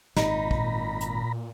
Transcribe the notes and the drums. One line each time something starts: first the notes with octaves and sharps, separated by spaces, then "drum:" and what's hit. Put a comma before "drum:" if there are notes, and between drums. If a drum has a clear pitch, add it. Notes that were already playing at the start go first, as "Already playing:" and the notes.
G#1 A#2 D#4 A#5 B5, drum: snare
drum: kick
drum: hi-hat